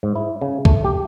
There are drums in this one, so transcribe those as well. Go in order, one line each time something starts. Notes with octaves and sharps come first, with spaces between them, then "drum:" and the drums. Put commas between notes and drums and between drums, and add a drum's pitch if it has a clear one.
G#2
E4
C#3
A3, drum: kick
G4